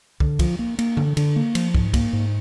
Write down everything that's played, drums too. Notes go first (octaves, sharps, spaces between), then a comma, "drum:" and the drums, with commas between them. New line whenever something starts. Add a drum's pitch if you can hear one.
D3, drum: kick
F3, drum: kick, cymbal
A#3
A#3, drum: cymbal
D3, drum: tom F#2
D3, drum: cymbal
A#3
F3, drum: cymbal
G#2, drum: kick
A#3, drum: kick, cymbal
G#2